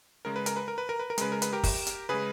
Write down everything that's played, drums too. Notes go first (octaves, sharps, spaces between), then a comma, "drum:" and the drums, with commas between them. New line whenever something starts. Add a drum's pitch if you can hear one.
C#3 G#3 A#4
B4
A#4, drum: hi-hat
B4
A#4
B4
A#4
B4
A#4
C#3 G#3 B4, drum: hi-hat
A#4
B4, drum: hi-hat
G4 A#4
drum: kick, open hi-hat
drum: hi-hat
C#3 G#3 G#4 B4